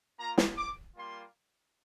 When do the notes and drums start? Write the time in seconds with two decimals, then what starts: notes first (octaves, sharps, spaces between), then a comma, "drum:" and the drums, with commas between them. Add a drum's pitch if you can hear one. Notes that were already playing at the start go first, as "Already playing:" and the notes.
0.19 A#3 F4 A#5
0.38 drum: snare
0.57 D6
0.96 G3 A#3 F4 C6